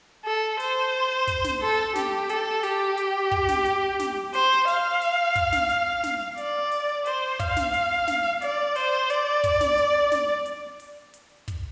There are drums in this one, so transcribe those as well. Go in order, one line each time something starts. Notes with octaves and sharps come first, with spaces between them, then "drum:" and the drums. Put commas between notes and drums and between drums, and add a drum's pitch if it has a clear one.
A4
C5, drum: open hi-hat
drum: kick, hi-hat
drum: snare
A4
G4, drum: snare
A4, drum: hi-hat
G4, drum: open hi-hat
drum: hi-hat
drum: kick
drum: snare
drum: hi-hat
drum: snare
C5, drum: hi-hat
F5, drum: open hi-hat
drum: hi-hat
drum: kick, hi-hat
drum: snare
drum: hi-hat
drum: snare
D5, drum: hi-hat
drum: open hi-hat
C5, drum: hi-hat
F5, drum: kick, hi-hat
drum: snare
drum: hi-hat
drum: snare
D5, drum: hi-hat
C5, drum: open hi-hat
D5, drum: hi-hat
drum: kick, hi-hat
drum: snare
drum: hi-hat
drum: snare
drum: hi-hat
drum: open hi-hat
drum: hi-hat
drum: kick, hi-hat